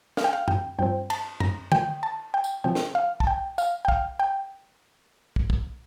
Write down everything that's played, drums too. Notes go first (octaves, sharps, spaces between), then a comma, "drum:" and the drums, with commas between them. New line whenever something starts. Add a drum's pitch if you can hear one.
F5, drum: snare
G5
F5
G5, drum: tom F#2
G2 F3 C4 G5
A5, drum: cymbal
A#5, drum: tom F#2
G5, drum: tom D3
A5
G5
drum: tambourine
C3 F3 C4 G5
drum: snare
F5
A5, drum: kick
G5
F5, drum: tambourine
G5
F5, drum: kick
G5
drum: kick
drum: kick